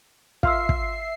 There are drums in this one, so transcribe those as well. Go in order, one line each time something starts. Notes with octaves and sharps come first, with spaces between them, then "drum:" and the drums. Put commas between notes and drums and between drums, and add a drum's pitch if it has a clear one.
F4 E5 F5 C6 E6 C7, drum: kick
drum: kick